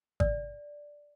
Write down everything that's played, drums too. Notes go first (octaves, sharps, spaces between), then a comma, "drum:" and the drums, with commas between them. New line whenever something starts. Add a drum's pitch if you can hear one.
D5, drum: kick G#1